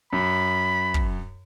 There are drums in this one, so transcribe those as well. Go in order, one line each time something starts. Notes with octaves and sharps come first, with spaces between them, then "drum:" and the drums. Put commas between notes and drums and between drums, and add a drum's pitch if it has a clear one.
F#2 B5
drum: kick